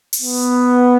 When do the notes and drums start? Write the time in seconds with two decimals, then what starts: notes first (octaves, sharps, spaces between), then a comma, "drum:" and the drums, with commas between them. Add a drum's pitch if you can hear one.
0.13 drum: open hi-hat
0.22 B3